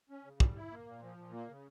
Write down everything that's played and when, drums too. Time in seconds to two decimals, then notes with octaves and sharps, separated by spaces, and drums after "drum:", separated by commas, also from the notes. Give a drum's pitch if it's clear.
0.09 C#4
0.24 C#3
0.40 G3, drum: kick
0.56 E4
0.71 A#3
0.87 A#2
1.02 F3
1.18 A#2
1.33 A#3
1.48 C#3